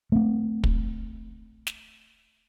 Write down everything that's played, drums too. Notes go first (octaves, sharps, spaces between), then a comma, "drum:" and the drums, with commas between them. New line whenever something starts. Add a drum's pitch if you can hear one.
A3 C4
drum: kick
drum: snare